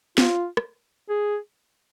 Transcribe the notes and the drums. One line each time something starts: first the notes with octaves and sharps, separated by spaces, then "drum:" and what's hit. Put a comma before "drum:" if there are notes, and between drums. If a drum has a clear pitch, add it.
F4, drum: snare
drum: rim click
G#4